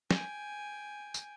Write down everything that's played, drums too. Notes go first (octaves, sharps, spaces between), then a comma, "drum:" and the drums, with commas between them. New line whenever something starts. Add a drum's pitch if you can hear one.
G5 G#5, drum: snare
drum: tambourine